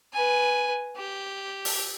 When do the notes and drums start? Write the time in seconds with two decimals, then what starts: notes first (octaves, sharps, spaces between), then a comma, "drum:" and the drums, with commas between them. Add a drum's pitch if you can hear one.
0.13 B4 G#5
0.97 G4
1.65 drum: open hi-hat